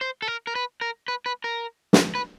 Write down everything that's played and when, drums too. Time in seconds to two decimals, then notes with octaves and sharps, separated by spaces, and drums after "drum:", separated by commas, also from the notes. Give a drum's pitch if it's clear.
0.01 C5
0.22 A4
0.28 A#4
0.47 A#4
0.55 B4
0.81 A#4
1.08 B4
1.26 B4
1.44 A#4
1.93 drum: snare
2.15 B4